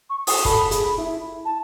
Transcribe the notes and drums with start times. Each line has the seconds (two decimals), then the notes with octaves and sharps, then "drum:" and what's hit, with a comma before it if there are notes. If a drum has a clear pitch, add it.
0.10 C#6
0.27 D#6, drum: open hi-hat
0.45 A4 B5, drum: kick
0.71 G#4, drum: hi-hat
0.98 E4
1.45 A5